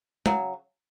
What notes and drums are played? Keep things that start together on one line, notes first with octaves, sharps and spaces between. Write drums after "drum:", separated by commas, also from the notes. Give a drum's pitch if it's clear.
C#3 F#3, drum: tom